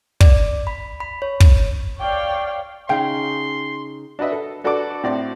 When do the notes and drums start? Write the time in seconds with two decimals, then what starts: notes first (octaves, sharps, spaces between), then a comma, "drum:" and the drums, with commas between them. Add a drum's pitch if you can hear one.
0.20 D5, drum: kick
0.67 B5
1.00 B5
1.22 C#5
1.40 drum: kick
1.99 C#5 D5 F5 G5
2.89 C#3 C#4 D#4 F5 G5 C6
4.19 D4 F#4 B4 D#5 E5
4.32 A4
4.64 D4 F#4 A4 B4 D5 D6
5.04 A2 C4 F#4 D5